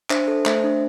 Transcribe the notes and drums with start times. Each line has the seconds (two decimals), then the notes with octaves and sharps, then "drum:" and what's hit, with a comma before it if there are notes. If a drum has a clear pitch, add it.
0.10 D4 C5 E5, drum: clap
0.28 A4
0.46 A3 C5 E5, drum: clap
0.64 D4